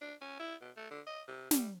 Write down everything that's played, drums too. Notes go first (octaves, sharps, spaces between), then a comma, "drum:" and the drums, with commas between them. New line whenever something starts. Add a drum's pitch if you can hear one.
D4
C#4
E4
B2
A3
D3
D#5
C3
G3, drum: snare